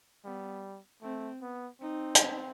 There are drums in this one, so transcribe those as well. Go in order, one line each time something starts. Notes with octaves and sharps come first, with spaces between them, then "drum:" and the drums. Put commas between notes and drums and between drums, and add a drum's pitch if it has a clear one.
G3 B3
A3 C4
B3
C4 D#4
drum: hi-hat